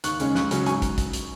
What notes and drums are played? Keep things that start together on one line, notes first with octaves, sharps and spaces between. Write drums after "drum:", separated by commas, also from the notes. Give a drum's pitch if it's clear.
D#2 C#6 F#6, drum: hi-hat
C#3 G#3 C#4, drum: hi-hat
C#2 C#6 F#6, drum: snare
C#3 F#3 C#4, drum: hi-hat
G#2 G#5 C#6, drum: hi-hat
drum: kick, hi-hat
drum: kick, hi-hat
drum: hi-hat